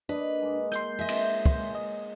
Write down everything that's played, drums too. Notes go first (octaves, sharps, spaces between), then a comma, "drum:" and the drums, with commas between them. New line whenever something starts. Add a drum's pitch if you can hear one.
A#3 D4 B4 D#5
G#2 G#3 A#3
C6 G6, drum: rim click
G#3 D#5 E5
drum: cymbal
drum: kick
C5 D#5